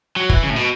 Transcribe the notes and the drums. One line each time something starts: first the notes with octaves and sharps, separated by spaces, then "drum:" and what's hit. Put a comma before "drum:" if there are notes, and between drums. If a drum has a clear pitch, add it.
F#3
E3, drum: kick
C#3
A2
B2